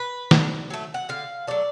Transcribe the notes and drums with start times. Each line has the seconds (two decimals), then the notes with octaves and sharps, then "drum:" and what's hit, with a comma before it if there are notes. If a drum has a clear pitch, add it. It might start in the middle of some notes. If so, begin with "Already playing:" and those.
Already playing: B4
0.31 D3, drum: snare
0.70 F#3 A3
0.94 F#5
1.09 D3 F5
1.47 F#3 A3 D5